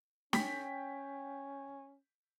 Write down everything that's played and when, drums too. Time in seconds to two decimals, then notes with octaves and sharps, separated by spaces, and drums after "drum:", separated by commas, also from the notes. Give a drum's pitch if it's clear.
0.33 C#4 G5 B6, drum: snare